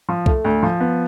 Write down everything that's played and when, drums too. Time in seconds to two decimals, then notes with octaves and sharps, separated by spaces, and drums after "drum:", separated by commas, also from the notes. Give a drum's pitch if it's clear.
0.09 F3
0.26 A3, drum: kick C2
0.45 D2
0.63 F3
0.80 B3